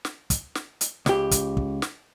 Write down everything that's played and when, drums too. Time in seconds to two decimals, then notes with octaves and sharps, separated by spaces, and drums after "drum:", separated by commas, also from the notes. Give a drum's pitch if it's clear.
0.05 drum: snare
0.30 drum: kick, hi-hat
0.55 drum: snare
0.81 drum: hi-hat
1.06 C#2 G4, drum: snare
1.31 drum: kick, hi-hat
1.57 drum: kick
1.82 drum: snare